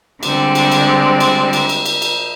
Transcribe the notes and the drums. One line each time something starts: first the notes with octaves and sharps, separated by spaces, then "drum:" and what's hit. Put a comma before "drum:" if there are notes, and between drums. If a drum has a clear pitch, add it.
D3 G3 G#3 C4 D5, drum: cymbal
drum: cymbal
drum: cymbal
drum: cymbal
drum: cymbal
drum: cymbal
drum: cymbal
drum: cymbal